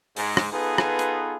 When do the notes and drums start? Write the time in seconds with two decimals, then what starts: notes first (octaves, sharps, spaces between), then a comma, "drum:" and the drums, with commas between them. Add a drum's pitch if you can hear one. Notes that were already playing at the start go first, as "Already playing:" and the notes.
0.16 G#2 G#3, drum: open hi-hat
0.37 drum: rim click
0.52 B3 D#4 F4 G#4 A4 B4
0.78 drum: rim click
0.99 drum: hi-hat